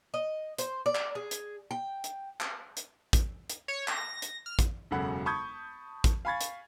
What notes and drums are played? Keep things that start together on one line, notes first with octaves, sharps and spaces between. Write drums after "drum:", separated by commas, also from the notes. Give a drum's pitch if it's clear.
D#5
C5, drum: hi-hat
D5
drum: clap
G#4
drum: hi-hat
G5
drum: hi-hat
drum: clap
drum: hi-hat
drum: kick, hi-hat
drum: hi-hat
C#5
A#6, drum: clap
drum: hi-hat
F6
drum: kick, hi-hat
E1 F#2 C#3 A4 F#5 B5
A5 B5 C#6 D#6 G6 G#6
drum: kick, hi-hat
F5 G#5 B5 C#6 G#6 A6
drum: hi-hat